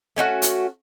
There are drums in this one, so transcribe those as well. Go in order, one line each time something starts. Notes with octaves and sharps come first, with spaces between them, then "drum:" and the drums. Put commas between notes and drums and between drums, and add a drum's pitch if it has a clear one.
A3 C#4 D#4 F#4
drum: hi-hat